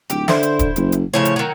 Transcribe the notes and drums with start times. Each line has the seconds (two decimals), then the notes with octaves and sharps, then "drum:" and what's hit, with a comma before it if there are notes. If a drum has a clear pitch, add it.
0.10 D1 G4, drum: hi-hat
0.28 D3 E4 C5, drum: snare
0.43 drum: hi-hat
0.59 drum: kick, hi-hat
0.76 F#1, drum: hi-hat
0.92 drum: hi-hat
1.14 A2 C#3 F3 C#5
1.25 drum: hi-hat
1.36 D#3 F#3